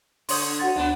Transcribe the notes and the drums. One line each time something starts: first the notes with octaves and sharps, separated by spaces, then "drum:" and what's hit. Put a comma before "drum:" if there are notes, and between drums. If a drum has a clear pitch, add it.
D3 C#5 C6 D#6 G6, drum: open hi-hat
F#4 F#5 A6
D2 B3 D4